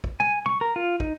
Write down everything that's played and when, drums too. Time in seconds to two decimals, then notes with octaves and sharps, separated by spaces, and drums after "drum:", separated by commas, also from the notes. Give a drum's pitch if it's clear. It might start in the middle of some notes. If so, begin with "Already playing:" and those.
0.04 drum: kick
0.20 G#5, drum: tom
0.46 C#6, drum: tom
0.61 A#4
0.76 F4
1.00 D#4, drum: kick